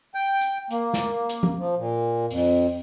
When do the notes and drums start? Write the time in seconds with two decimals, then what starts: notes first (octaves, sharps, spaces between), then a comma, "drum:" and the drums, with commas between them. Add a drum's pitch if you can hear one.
0.15 G5
0.41 drum: hi-hat
0.71 A#3, drum: hi-hat
0.94 drum: snare
1.29 drum: hi-hat
1.43 drum: tom
1.59 F3
1.78 A#2
2.30 F2, drum: open hi-hat